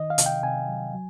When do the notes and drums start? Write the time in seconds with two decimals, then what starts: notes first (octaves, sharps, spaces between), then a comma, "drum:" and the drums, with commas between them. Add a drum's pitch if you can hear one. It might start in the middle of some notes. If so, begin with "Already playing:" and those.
Already playing: D#3 D#5
0.10 F5
0.18 C3, drum: hi-hat
0.26 G5
0.43 C3 G#5
0.68 F#3
0.94 F#3